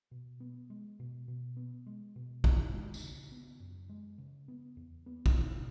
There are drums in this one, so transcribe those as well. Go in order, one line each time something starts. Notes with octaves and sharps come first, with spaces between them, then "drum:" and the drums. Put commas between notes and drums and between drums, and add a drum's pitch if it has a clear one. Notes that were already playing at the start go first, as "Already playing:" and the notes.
B2
B3
G#3
B2
B2
B3
G#3
B2
F#2, drum: kick
G#3
drum: tambourine
C#3
B3
F#2
G#3
C#3
B3
E2
B3
drum: kick
B2